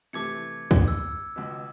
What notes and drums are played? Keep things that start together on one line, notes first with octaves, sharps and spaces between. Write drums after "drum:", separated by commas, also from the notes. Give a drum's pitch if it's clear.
C3 E3 A3 D6 G#6 C#7
drum: kick
E6
C#2 B2